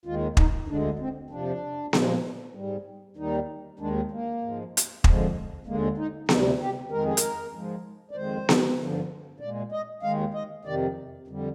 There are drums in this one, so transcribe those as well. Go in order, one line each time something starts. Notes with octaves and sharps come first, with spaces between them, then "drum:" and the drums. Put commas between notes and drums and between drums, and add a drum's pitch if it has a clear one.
D#2 D#3 G#3 F4
D#4, drum: kick
D2 D3 G#3 D4
C4
F2 C3 F3 D4
A#2 F3 G#3, drum: snare B3
G#2 G3
D#2 D#3 G3 D#4
D#2 D#3 G#3 D4
A#3
G#2 F3 G#3
drum: hi-hat
F2 D3 F3 G#3, drum: kick
D#2 D3 G#3 A#3
D#4
D2 C3 G3 D#4, drum: snare B3
G4
F2 D#3 G#3 A#4
G#4
A#4, drum: hi-hat
G#2 F3 G#3
D5
F2 D#3 G#3 C5
drum: snare B3
G2 D3 F3
A#2 G#3 D5
D#5
D#2 D#3 G#3 F5
D#5
F2 C3 D#3 D5
F2 D3 G3